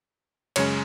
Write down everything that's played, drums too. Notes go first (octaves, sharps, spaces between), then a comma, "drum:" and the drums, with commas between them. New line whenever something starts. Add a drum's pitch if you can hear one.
F#2 C#3 G#3 C#4 C#5, drum: cymbal